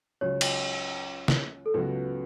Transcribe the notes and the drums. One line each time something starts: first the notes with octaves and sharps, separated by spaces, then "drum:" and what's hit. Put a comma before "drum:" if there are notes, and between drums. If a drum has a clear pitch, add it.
C#2 C#3 F#3 C#5
drum: cymbal
drum: snare
A4
C#2 C#3 F#3 B3 F#4 B4